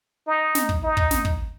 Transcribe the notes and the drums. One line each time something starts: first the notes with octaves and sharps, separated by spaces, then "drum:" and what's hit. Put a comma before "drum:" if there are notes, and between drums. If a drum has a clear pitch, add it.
D#4
drum: snare
drum: kick
D#4
drum: kick
drum: snare
drum: kick